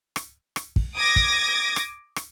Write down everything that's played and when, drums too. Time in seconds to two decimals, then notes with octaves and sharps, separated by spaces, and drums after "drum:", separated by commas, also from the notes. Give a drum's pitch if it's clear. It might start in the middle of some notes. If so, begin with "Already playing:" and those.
0.16 drum: rim click
0.56 drum: rim click
0.76 drum: kick
0.96 D6 D#6 G#6 A#6
1.16 drum: kick
1.76 drum: rim click
2.16 drum: rim click